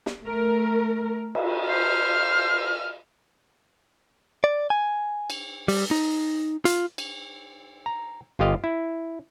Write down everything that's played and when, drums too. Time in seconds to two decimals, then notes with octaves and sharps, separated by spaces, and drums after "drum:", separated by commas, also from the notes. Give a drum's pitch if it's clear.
0.06 drum: snare
0.22 A3 A#4
1.35 drum: cymbal
1.69 C5 F6
4.44 D5
4.70 G#5
5.30 drum: cymbal
5.68 G3, drum: open hi-hat
5.91 D#4
6.65 F4, drum: hi-hat
6.98 drum: cymbal
7.86 A#5
8.39 G1 F4 G4 D#5 F5
8.64 E4